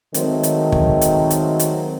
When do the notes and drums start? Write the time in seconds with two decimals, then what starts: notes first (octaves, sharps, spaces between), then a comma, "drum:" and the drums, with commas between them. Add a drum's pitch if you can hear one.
0.14 D#3 F#3 G#3 A3 C4, drum: hi-hat
0.43 drum: hi-hat
0.72 drum: kick
1.01 drum: hi-hat
1.30 drum: hi-hat
1.59 drum: hi-hat